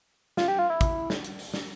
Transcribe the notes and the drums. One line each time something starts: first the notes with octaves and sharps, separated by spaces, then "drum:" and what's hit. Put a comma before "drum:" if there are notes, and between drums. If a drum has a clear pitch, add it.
F4, drum: snare
G4
F4
E4
drum: kick, hi-hat
drum: snare
drum: hi-hat
drum: open hi-hat
drum: snare